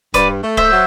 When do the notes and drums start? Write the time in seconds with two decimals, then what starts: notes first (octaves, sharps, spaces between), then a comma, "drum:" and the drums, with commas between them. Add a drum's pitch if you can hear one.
0.14 G2 B4 D5, drum: kick D1, hi-hat
0.42 A3
0.57 C5 E5, drum: kick D1
0.72 F#3